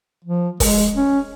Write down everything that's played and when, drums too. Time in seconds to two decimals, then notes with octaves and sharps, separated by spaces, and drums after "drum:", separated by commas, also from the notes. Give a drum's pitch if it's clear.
0.24 F3
0.60 G#3, drum: kick, open hi-hat
0.95 C#4